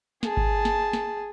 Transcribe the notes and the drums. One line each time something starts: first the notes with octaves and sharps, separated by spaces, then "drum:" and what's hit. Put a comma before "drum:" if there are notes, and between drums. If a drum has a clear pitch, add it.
G#4 A5, drum: snare
drum: kick G#1
drum: snare
drum: snare